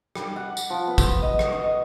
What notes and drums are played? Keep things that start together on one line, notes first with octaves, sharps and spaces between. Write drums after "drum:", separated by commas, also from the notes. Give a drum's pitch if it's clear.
G3, drum: rim click
F#5
drum: tambourine
F3
B3
drum: kick, tambourine
D#5
drum: rim click
D#5